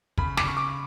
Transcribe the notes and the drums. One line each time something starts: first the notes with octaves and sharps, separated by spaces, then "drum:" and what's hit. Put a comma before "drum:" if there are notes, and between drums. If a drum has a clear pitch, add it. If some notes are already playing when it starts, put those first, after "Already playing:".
C#3 B5, drum: kick
D6, drum: snare
C#3 C#6
D6